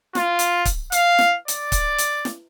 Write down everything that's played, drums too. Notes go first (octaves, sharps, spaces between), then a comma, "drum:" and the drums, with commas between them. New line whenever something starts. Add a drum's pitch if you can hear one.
F4, drum: snare
drum: hi-hat
drum: kick C#1, hi-hat
F5, drum: hi-hat
drum: snare
D5, drum: hi-hat
drum: kick C#1, hi-hat
drum: hi-hat
drum: snare